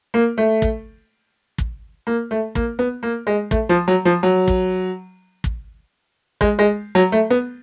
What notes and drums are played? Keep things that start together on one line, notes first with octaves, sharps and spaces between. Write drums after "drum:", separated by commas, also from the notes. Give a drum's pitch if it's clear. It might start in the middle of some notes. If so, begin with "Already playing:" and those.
A#3
A3
drum: kick
drum: kick
A#3
A3
A#3, drum: kick
B3
A#3
G#3
A3, drum: kick
F3
F#3
F3
F#3
drum: kick
drum: kick
G#3, drum: kick
G#3
F#3
A3
B3